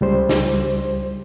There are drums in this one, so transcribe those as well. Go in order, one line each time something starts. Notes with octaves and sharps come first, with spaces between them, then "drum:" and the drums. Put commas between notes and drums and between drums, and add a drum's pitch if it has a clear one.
C#2 G3 C5
drum: snare